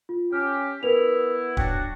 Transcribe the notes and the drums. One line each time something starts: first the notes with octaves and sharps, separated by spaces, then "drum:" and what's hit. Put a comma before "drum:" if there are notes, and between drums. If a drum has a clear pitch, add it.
F4
C#4 G4 F6
B3 E4 A#4 B4 F7
F#3 D4 F#4 G5, drum: kick